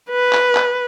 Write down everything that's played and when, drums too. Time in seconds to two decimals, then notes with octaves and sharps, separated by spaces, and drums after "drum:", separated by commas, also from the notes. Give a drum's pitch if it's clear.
0.10 B4
0.33 drum: clap
0.55 drum: clap